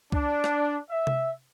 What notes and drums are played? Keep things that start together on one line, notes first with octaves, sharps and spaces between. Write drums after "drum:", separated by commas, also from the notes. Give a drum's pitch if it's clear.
D4, drum: kick C2
drum: rim click
E5
drum: tom C3